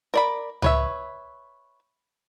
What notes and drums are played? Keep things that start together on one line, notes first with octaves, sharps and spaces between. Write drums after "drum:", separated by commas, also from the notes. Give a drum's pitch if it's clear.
A#4 D5 B5
B4 C#5 E5, drum: tom C#2